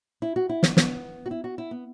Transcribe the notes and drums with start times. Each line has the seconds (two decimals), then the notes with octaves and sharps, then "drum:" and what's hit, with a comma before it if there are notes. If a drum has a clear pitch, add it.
0.22 E4
0.36 F#4
0.49 E4
0.63 B3, drum: snare
0.77 B3, drum: snare
1.26 F#4
1.31 E4
1.44 F#4
1.58 E4
1.71 B3